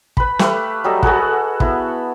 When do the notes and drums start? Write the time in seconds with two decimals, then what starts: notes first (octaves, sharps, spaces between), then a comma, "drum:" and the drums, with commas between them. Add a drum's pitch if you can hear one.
0.17 B4 B5, drum: kick
0.39 A3 G4 B4 F5, drum: snare
0.84 F#3 G3 A4 D#5
1.03 F#4 G#4 A4 F#5, drum: kick
1.60 B3 E4, drum: kick